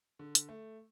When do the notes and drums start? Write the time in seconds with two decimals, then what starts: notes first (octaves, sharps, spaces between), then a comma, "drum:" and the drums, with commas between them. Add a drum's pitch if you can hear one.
0.19 D3
0.35 drum: hi-hat
0.49 A3